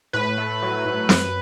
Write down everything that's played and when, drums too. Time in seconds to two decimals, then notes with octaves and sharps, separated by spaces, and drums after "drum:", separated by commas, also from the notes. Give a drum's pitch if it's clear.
0.13 A2 B4
0.38 A3
0.62 F#3
0.85 A2
1.09 F#2, drum: snare